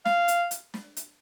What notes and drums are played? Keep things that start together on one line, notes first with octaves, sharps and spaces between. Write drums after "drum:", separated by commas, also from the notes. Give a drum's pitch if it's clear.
F5, drum: snare
drum: hi-hat
drum: hi-hat
drum: snare
drum: hi-hat